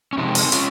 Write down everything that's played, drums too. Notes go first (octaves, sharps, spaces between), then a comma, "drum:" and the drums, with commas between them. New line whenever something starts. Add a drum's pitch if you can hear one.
C#4
C3 F3 G#3 C4 D#4
drum: open hi-hat
C#4 F4, drum: hi-hat